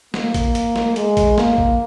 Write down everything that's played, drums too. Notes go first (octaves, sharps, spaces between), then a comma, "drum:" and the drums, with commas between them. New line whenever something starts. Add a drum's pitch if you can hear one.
A#3, drum: snare
drum: kick A1, hi-hat
drum: hi-hat
drum: snare
G#3, drum: hi-hat
drum: kick A1, hi-hat
A#3, drum: snare
drum: kick A1